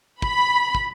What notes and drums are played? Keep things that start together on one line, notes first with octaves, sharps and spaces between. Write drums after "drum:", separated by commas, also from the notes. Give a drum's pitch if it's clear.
B5, drum: kick
drum: kick